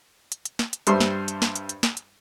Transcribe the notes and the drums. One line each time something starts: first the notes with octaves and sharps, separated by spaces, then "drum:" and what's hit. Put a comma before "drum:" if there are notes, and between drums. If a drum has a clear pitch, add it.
drum: hi-hat
drum: hi-hat
drum: snare
drum: hi-hat
G2 G3 C5 E5 C6, drum: hi-hat
drum: snare
drum: hi-hat
drum: snare
drum: hi-hat
drum: hi-hat
drum: snare
drum: hi-hat